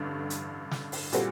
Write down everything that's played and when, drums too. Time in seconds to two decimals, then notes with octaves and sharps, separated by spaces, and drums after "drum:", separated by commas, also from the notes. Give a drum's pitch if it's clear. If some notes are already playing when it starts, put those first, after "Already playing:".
Already playing: A1 G2 D3
0.30 drum: hi-hat
0.71 drum: snare
0.92 drum: open hi-hat
1.12 A#2 G3 C4 F#4 A4, drum: hi-hat